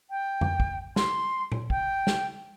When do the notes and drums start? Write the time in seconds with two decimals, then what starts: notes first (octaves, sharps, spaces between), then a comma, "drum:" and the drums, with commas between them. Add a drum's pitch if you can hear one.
0.10 G5
0.41 drum: tom F2
0.60 drum: kick
0.96 C6, drum: snare
1.52 drum: tom A#2
1.70 G5, drum: kick
2.07 drum: snare